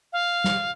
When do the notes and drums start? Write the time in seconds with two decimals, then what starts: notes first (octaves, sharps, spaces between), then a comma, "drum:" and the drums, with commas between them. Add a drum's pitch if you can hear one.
0.13 F5
0.44 drum: snare